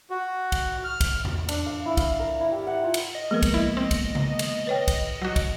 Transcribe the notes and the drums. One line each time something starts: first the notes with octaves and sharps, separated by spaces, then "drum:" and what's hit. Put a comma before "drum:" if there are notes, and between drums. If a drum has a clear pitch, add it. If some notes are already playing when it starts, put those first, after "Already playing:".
F#4
drum: kick, cymbal
F6
drum: kick, cymbal
drum: tom E2
D4, drum: cymbal
F5
E4
F5, drum: kick, cymbal
A#4
E4
G4
F#5
F4
drum: cymbal
D#5
F3 G#3 A#3 B3 A#4
drum: kick, cymbal
E4
C4
drum: kick, cymbal
drum: tom C3
drum: cymbal
B4 C#5 G5
drum: kick, cymbal
F#3 F#4
drum: kick, cymbal